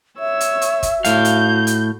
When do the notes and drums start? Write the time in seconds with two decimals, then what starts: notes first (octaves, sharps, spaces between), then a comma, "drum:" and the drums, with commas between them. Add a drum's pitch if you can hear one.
0.19 C#5 E5 E6
0.41 drum: hi-hat
0.62 drum: hi-hat
0.83 drum: kick, hi-hat
1.05 A2 F#4 F5 G6, drum: hi-hat
1.25 drum: hi-hat
1.67 drum: hi-hat